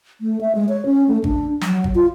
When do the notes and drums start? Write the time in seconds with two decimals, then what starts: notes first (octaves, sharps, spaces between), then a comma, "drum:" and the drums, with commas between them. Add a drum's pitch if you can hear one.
0.21 A3
0.41 E5
0.55 G#3
0.69 C#5
0.86 C#4
1.08 A3
1.24 D4, drum: kick G#1
1.61 F#3, drum: snare
1.84 drum: kick G#1
1.95 F4